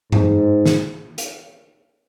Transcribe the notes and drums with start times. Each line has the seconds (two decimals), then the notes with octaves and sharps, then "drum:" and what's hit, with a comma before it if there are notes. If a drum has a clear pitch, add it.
0.12 G#2, drum: tom G2
0.66 drum: snare
1.18 drum: hi-hat